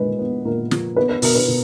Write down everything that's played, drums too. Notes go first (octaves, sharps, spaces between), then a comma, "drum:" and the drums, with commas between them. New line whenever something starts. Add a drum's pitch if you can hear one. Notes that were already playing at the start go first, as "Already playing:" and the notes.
Already playing: A#2 G#3 B4
B3
A#2 A#4
F3, drum: snare
B3 B4
B4
B2 A#4, drum: open hi-hat
B4
B2